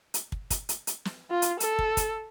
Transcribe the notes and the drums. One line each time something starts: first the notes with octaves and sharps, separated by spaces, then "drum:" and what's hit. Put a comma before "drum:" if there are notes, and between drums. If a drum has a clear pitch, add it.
drum: hi-hat
drum: kick
drum: kick, hi-hat
drum: hi-hat
drum: hi-hat
drum: snare
F4
drum: hi-hat
A4, drum: hi-hat
drum: kick
drum: kick, hi-hat